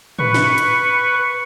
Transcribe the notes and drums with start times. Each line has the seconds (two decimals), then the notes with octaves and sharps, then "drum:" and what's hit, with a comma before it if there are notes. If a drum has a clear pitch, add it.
0.19 B4 C#6, drum: tom
0.34 drum: snare
0.58 drum: hi-hat